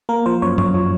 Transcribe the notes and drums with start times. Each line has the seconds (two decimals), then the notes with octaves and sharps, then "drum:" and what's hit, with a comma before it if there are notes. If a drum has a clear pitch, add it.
0.09 A#3 A#4
0.26 F3 C5
0.42 F#2 C#5
0.58 F#2 C#5, drum: tom G2
0.74 F3